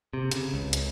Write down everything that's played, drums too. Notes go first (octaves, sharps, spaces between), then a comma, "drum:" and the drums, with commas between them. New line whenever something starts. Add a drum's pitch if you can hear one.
C3
C#3, drum: hi-hat
C#2
drum: hi-hat